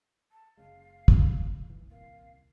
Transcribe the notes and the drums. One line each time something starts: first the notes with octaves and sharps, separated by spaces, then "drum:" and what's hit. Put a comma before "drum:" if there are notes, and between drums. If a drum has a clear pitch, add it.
A5
F#1 C#3 G#3 F5
drum: kick
E3
D#1 C2 A#3 F5